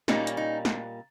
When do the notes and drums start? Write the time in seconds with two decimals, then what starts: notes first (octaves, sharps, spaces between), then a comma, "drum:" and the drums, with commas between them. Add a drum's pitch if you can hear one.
0.08 A#2 G3 A#3 C#4 D#4, drum: snare
0.27 drum: hi-hat
0.37 D#4
0.65 drum: snare